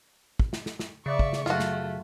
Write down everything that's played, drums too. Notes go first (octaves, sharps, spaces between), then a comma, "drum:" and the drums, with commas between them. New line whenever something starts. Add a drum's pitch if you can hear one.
drum: kick
drum: snare
drum: snare
drum: snare
C#3 D5 E5 C#6
drum: kick
drum: snare
F#2 A3 F4 F#4, drum: snare
drum: snare